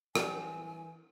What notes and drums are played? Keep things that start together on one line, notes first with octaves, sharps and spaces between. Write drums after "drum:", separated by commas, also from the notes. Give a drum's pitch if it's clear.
E3 F#3 G3 G#5, drum: rim click